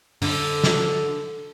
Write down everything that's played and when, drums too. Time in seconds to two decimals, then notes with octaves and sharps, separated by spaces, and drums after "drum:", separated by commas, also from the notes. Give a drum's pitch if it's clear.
0.22 D3, drum: open hi-hat
0.64 drum: snare